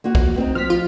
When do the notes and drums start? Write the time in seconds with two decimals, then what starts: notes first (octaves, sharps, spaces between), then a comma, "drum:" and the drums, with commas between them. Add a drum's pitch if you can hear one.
0.04 A#3 F4 F#4
0.15 drum: kick B1
0.36 B3 C4 D#4
0.55 F3 F6 B6
0.70 F4